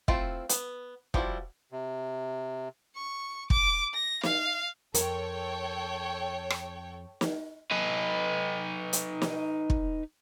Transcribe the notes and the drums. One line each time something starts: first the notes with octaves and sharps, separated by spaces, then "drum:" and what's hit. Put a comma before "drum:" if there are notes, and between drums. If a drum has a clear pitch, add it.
A3 C4 E4 F4, drum: kick
B3, drum: hi-hat
F3 G3 B3 E4 F#4, drum: kick
C3
C#6
D6, drum: kick
A#6
F5, drum: snare
F2 A4 A#4 C#5 G5, drum: hi-hat
drum: rim click
drum: snare
D#4 B4
drum: hi-hat
drum: snare
drum: kick